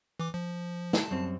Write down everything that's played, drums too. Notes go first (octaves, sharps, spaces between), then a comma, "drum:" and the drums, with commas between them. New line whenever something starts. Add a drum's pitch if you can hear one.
E3 D6
F3
A5, drum: snare
F#2 G3 C4